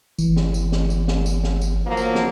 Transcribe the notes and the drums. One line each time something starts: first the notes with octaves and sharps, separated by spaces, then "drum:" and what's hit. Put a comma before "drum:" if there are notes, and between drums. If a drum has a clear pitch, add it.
G1 E3, drum: tambourine
drum: snare
drum: tambourine
drum: snare
drum: tambourine
drum: snare
drum: tambourine
drum: snare
drum: tambourine
F3 F#3 A#3
drum: tambourine
drum: snare